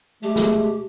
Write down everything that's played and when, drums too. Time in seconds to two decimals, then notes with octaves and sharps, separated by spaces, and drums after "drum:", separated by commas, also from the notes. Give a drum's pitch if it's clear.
0.23 G#3 A3 G4
0.36 drum: snare